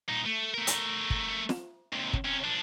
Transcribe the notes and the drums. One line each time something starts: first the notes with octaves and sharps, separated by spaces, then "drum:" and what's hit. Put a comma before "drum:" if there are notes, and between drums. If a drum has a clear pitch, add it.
A#2 D#4
A3
A3 A#4
drum: hi-hat
drum: kick
drum: snare
D#2 C3
drum: kick
C3 C#4
F3 D4